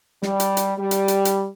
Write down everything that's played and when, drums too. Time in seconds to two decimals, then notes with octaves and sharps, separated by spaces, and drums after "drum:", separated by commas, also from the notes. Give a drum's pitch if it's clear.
0.23 G3, drum: snare
0.40 drum: hi-hat
0.57 drum: hi-hat
0.78 G3
0.91 drum: hi-hat
1.08 drum: hi-hat
1.25 drum: hi-hat